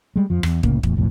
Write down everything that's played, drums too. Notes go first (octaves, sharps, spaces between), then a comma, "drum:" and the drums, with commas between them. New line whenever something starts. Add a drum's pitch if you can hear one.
G3 G#3
F2 F3
E2, drum: rim click
C2 A2 C#3 A#3, drum: kick
E2 A2, drum: kick
B1 F2 A2